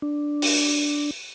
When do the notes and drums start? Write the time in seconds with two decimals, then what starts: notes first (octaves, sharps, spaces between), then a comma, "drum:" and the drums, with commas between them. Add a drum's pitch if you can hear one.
0.02 D4
0.42 drum: open hi-hat